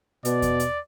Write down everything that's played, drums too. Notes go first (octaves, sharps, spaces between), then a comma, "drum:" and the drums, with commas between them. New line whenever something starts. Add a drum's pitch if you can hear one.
B2 D5, drum: hi-hat
drum: kick E2, hi-hat
drum: hi-hat